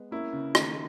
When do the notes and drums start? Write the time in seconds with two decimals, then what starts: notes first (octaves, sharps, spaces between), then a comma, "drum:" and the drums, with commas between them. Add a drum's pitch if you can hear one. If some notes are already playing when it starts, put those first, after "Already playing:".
Already playing: G#3 B3
0.11 A#3 C#4 E4
0.33 C#3
0.55 D#3 A#3 C#4, drum: rim click